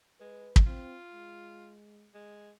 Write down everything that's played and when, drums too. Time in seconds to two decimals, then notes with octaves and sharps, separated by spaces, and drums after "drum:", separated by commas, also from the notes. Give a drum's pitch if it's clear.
0.20 G#3 B4
0.56 drum: kick
0.67 C4 F4
1.13 G#3
2.14 G#3